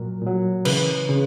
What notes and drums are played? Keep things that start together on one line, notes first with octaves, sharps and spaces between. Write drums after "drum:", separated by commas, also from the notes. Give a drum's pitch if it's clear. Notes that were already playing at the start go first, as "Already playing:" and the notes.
Already playing: A#2 F#3 A#4
A#2 F#3
C#3 E3 B4, drum: cymbal
C#3